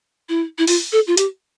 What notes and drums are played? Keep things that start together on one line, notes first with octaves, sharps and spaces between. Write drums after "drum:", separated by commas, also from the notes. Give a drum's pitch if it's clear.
E4
E4
F4, drum: open hi-hat
A4
F4
G4, drum: hi-hat